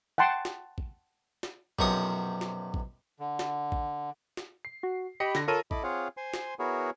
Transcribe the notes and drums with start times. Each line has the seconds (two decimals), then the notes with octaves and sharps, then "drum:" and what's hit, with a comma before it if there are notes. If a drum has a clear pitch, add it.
0.18 F#5 G5 A5 C6
0.45 drum: snare
0.78 drum: kick A1
1.43 drum: snare
1.79 B1 F#2 C3 F3 C#6 D#6, drum: kick A1
2.41 drum: snare
2.74 drum: kick A1
3.20 D3
3.39 drum: snare
3.72 drum: kick A1
4.37 drum: snare
4.65 C7
4.83 F#4
5.20 G4 D#5 B5 C#7
5.35 D3 A#6, drum: snare
5.48 F4 A4 A#4 C#5 D#7
5.71 E4 A4 D#5 B5 D6, drum: kick A1
5.83 C4 F4 G#4 C#5 F5 F#5
6.17 C5 G#5 C6
6.34 drum: snare
6.59 B3 E4 F#4 G#4 A#4 C#5